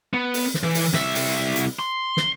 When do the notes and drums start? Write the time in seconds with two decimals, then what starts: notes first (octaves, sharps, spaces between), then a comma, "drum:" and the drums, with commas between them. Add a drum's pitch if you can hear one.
0.14 B3
0.34 drum: open hi-hat
0.54 drum: snare
0.64 E3
0.75 drum: open hi-hat
0.94 C2 E5, drum: snare
1.15 drum: open hi-hat
1.56 drum: hi-hat
1.79 C6
2.17 drum: snare